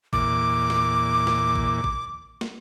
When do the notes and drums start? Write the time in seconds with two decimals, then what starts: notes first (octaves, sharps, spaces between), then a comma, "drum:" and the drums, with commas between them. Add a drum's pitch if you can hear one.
0.13 E2 A#2 D6, drum: kick
0.70 drum: snare
1.27 drum: snare
1.56 drum: kick
1.84 drum: kick
2.41 drum: snare